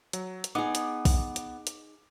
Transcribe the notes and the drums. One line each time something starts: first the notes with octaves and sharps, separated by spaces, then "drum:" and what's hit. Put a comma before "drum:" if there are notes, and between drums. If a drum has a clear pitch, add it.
F#3, drum: hi-hat
drum: hi-hat
B3 D#4 G#4 D6
drum: hi-hat
drum: kick, open hi-hat
drum: hi-hat
drum: hi-hat